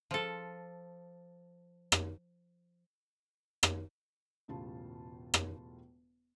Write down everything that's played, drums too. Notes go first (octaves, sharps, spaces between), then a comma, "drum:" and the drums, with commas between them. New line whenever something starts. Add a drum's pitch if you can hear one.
F3 A4
drum: rim click
drum: rim click
E1 A2 C#3 F4 G4 A5
drum: rim click